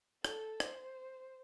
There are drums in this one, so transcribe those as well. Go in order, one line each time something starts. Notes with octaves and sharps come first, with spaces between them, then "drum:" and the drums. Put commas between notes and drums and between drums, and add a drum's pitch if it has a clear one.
A4, drum: rim click
C5, drum: rim click